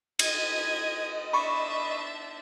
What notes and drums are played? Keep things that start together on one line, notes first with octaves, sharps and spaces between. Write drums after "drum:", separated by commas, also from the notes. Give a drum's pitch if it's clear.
D#5 G#6 D#7, drum: cymbal
D4 E5 B5 C#6